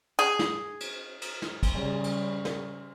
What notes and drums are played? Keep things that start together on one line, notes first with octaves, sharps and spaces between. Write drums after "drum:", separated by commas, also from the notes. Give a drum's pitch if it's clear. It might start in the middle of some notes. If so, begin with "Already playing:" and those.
G#4
drum: snare
drum: cymbal
drum: cymbal
drum: snare
drum: kick, cymbal
C#3 G3
drum: cymbal
drum: snare